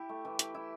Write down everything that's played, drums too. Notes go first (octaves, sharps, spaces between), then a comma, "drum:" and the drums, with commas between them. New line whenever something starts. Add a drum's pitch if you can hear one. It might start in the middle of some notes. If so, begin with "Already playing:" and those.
Already playing: E4 G4
A3
E3
G4, drum: hi-hat
E4